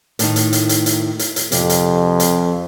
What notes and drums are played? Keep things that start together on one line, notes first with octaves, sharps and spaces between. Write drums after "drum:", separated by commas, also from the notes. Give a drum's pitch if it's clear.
A2 D#3 D#4, drum: hi-hat
drum: hi-hat
drum: hi-hat
drum: hi-hat
drum: hi-hat
drum: hi-hat
drum: hi-hat
F2 C3, drum: hi-hat
drum: hi-hat
drum: hi-hat